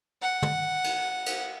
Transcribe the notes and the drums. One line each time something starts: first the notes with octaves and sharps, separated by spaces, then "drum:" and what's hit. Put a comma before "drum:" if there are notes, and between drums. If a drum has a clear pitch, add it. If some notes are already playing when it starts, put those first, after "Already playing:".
F#5
drum: tom
drum: cymbal
drum: cymbal